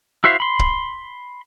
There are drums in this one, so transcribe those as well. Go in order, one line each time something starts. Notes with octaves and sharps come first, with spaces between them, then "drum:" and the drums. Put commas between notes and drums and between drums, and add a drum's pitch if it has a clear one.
E4 F#4 C5 E5 F5
B5 C6
drum: kick